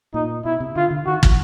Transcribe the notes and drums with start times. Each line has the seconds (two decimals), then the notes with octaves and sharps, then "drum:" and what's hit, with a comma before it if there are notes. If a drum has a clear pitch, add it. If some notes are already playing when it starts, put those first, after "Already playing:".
0.14 A#2 D#4
0.45 B2 E4
0.60 C3
0.76 D3 F4
0.91 D3
1.06 D#3 F#4
1.23 E3, drum: kick